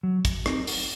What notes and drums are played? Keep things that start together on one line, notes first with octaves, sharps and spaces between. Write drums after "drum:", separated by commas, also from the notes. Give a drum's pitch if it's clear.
F#3
drum: kick, hi-hat
C4 D#4 G4 A#4, drum: rim click
drum: open hi-hat